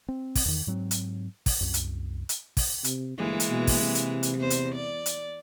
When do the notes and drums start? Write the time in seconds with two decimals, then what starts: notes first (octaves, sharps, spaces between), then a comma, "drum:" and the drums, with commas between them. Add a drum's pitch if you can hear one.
0.08 C4
0.35 drum: kick, open hi-hat
0.45 E2 D#3
0.67 G#2 F#3 C4
0.91 drum: hi-hat
1.46 drum: kick, open hi-hat
1.61 C2 F#2
1.74 drum: hi-hat
2.29 drum: hi-hat
2.57 drum: kick, open hi-hat
2.84 C3, drum: hi-hat
3.18 G1 E3 G#3 A#3
3.40 drum: hi-hat
3.49 B2
3.67 drum: kick, open hi-hat
3.82 C3
3.95 drum: hi-hat
4.23 drum: hi-hat
4.38 E2 C5
4.50 drum: hi-hat
4.75 D5
5.06 drum: hi-hat